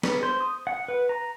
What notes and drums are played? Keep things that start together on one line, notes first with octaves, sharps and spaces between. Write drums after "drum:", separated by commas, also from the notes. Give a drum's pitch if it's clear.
B3, drum: snare
C5
D#6
F#5
B4
A#5